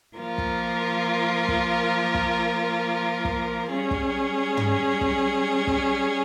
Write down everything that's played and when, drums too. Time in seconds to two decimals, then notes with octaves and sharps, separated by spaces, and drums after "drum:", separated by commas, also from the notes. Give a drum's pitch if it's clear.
0.16 F3 A#3 F4 A#4
0.38 drum: kick
1.48 drum: kick
2.15 drum: kick
3.25 drum: kick
3.69 G3 C#4 G#4
3.91 drum: kick
4.57 drum: tom
5.01 drum: kick
5.67 drum: kick